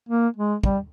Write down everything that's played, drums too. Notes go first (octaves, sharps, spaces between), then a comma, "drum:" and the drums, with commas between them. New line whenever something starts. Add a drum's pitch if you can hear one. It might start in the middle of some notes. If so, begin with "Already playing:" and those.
A#3
G#3
G3, drum: kick